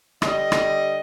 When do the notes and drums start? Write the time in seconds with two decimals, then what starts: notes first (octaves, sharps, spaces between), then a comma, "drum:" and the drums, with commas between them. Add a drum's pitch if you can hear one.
0.22 D3 G3 D#5, drum: rim click
0.52 drum: rim click